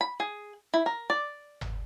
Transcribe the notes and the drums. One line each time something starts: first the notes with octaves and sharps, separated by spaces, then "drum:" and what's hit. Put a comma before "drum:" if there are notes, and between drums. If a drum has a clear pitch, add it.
B5
G#4
E4
A#4
D5
drum: tom G1